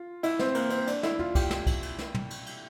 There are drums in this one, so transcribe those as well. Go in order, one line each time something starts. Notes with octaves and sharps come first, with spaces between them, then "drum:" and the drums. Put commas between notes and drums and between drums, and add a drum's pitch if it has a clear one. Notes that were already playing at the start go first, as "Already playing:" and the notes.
Already playing: F4
E4, drum: cymbal
C4, drum: snare
A#3, drum: cymbal
C4, drum: cymbal
D4, drum: cymbal
E4, drum: snare
F4, drum: tom
G4, drum: kick, cymbal
drum: snare
drum: kick, cymbal
drum: cymbal
drum: snare
drum: tom
drum: cymbal
drum: cymbal